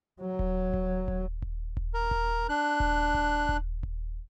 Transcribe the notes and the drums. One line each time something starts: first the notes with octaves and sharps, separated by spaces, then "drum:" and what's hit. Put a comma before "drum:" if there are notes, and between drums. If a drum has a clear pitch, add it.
F#3
drum: kick D#1
drum: kick D#1
drum: kick D#1
drum: kick D#1
drum: kick D#1
A#4
drum: kick D#1
D4 F#6
drum: kick D#1
drum: kick D#1
drum: kick D#1
drum: kick D#1